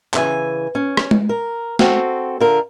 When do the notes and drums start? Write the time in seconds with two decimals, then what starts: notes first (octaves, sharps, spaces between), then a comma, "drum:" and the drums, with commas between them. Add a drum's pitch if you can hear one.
0.14 C#3 E3 C#5 G#5, drum: clap
0.75 C#4
0.97 drum: rim click
1.11 drum: tom G#3
1.29 A#4
1.79 C4 F#4 A4, drum: snare
2.40 D3 F4 A#4